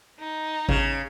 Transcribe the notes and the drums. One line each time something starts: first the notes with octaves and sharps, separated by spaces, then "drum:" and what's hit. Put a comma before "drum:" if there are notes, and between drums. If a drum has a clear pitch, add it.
D#4
C#3, drum: kick G#1